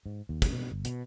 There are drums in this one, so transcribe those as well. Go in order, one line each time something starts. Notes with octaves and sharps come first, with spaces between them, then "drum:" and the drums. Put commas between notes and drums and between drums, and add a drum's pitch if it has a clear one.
G#2
D#2
drum: kick, hi-hat
B2
G1
B2, drum: hi-hat